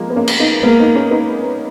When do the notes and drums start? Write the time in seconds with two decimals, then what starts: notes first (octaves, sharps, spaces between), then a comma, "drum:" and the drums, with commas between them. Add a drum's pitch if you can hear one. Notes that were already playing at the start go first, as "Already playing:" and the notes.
Already playing: F3 G#3 A#3
0.10 B3
0.16 A#3 C#4
0.28 drum: cymbal
0.40 B3 D#4
0.63 G#3 A#3 B3
0.80 B3 D#4
0.95 A#3 C#4
1.11 B3 D#4